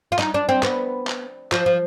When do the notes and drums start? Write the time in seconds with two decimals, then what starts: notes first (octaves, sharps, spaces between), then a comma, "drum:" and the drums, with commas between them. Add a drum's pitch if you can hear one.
0.12 F4
0.19 D#4, drum: clap
0.34 D4
0.49 C4
0.63 B3, drum: clap
1.07 drum: clap
1.52 F3, drum: clap
1.66 F3